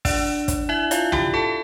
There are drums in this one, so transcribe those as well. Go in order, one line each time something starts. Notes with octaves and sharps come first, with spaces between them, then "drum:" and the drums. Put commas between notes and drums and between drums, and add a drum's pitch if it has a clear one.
D4 D5, drum: kick, open hi-hat
drum: kick, hi-hat
E4 E5
F4 F5, drum: hi-hat
G4 G5, drum: tom
A4 A5